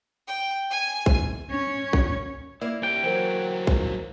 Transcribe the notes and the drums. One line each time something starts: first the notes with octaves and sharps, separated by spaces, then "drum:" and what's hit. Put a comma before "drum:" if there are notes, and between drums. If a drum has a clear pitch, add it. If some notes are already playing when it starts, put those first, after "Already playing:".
G5
G#5
drum: kick
C#4 C#5
drum: kick
A#3 E4 D5
E4 G4 G5
E3 F#3 A#4 C5
drum: kick